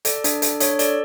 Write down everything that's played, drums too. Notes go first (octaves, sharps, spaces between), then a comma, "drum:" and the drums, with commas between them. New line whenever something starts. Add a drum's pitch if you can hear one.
A4 D5, drum: hi-hat
D4, drum: hi-hat
A4, drum: hi-hat
D4 C#5, drum: hi-hat
A4 D5, drum: hi-hat